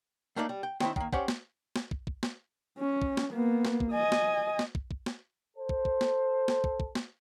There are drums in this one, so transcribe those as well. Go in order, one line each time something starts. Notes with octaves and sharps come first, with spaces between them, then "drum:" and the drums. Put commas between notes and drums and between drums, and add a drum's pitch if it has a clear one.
A3 A#3 D4 D#4 D5
G3
G5
D#3 C4 E4, drum: snare
D#3 A#3, drum: kick
C#4 G4 C5 D5 F#5 G5, drum: kick
drum: snare
drum: snare
drum: kick
drum: kick
drum: snare
C#4
drum: kick
drum: snare
A#3 B3
drum: snare
drum: kick
D#5 G#5
drum: snare
drum: snare
drum: kick
drum: kick
drum: snare
A4 C5
drum: kick
drum: kick
drum: snare
drum: snare
drum: kick
drum: kick
drum: snare